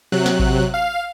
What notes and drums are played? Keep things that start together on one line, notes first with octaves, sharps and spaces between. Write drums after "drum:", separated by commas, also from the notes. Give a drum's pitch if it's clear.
C3 F#3 F#6
drum: snare
drum: kick A1
F5